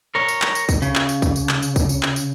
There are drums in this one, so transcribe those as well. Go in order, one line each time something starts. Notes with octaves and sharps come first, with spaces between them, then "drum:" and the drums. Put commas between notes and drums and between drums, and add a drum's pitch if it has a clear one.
A#4 C#5
drum: tambourine
drum: clap
drum: tambourine
drum: kick C#2, tambourine
C#3, drum: tambourine
drum: clap
drum: tambourine
drum: kick C#2, tambourine
drum: tambourine
drum: clap
drum: tambourine
drum: kick C#2, tambourine
drum: tambourine
drum: clap
drum: tambourine